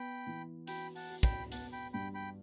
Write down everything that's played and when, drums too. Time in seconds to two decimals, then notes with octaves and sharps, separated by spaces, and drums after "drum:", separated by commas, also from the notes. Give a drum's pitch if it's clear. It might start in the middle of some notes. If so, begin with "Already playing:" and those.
Already playing: B3 G5 B5
0.27 E3
0.67 F#4 G5 B5, drum: hi-hat
0.96 F#5 A5, drum: open hi-hat
1.10 F#4
1.23 G5 B5, drum: kick, hi-hat
1.52 B3 F#5 A5, drum: hi-hat
1.72 G5 B5
1.93 G2 G5 B5
2.14 G5 B5